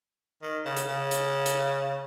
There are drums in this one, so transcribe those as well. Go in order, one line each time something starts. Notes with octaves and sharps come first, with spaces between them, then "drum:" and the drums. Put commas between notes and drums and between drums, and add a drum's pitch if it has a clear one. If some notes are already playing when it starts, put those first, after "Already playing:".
D#3
C#3
drum: hi-hat
C#3
drum: hi-hat
drum: hi-hat